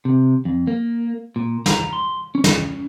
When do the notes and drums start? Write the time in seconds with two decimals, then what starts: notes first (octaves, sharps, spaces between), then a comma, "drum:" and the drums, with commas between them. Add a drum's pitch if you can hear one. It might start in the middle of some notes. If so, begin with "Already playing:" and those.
0.05 C3
0.45 F2
0.67 A#3
1.36 A#2
1.66 A#5, drum: snare
1.93 C6
2.35 C#4
2.44 drum: snare